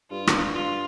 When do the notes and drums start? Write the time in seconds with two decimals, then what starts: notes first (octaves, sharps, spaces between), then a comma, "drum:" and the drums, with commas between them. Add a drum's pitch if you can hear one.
0.11 G2 F4
0.27 drum: rim click
0.53 F4